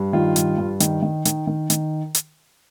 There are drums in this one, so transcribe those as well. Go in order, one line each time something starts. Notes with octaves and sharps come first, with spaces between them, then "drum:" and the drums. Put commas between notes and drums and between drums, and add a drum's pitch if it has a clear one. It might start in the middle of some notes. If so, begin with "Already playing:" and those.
Already playing: G2
D#3 F4
G2, drum: hi-hat
G2
D#3, drum: hi-hat
D#3
D#3, drum: hi-hat
D#3
D#3, drum: hi-hat
drum: hi-hat